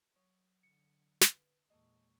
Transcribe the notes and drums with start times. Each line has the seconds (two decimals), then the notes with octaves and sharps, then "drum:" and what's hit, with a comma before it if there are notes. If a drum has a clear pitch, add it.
0.16 F#3 C#5 D#6
0.63 D3 C#7
1.21 B4, drum: snare
1.70 E2 A#2 G#3 A#3 A4 C#5 D#5 C#6